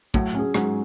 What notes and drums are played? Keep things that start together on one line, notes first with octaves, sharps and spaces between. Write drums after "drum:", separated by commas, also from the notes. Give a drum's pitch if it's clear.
A2 F#3, drum: kick
C#4 G#4
G#2 F#3, drum: rim click